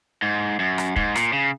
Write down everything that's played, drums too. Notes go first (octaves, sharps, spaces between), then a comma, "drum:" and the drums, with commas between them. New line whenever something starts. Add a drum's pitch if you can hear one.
G#2
F#2
drum: rim click
G#2, drum: kick
A#2, drum: rim click
C#3